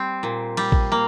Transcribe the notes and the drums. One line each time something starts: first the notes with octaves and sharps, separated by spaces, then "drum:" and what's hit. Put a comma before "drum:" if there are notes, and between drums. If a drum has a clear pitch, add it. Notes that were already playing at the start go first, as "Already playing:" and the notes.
Already playing: G3 C4
A#2
G3, drum: cymbal
drum: kick A1
A#3